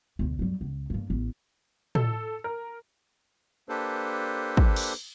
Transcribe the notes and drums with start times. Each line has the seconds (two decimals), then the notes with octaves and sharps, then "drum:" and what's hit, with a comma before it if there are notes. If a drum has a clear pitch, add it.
0.19 E1 D2
0.39 G2 F#3
0.61 C#2
0.90 G2 A#3
1.10 A1 B3
1.95 A4, drum: tom
2.44 A#4
3.69 A#3 D4 G4 A4 B4 C5
4.57 drum: kick
4.76 drum: cymbal